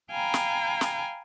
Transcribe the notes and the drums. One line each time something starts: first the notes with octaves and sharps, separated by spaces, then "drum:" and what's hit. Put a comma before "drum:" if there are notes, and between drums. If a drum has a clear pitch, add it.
F5 G5 G#5 A#5 B5
drum: snare
drum: snare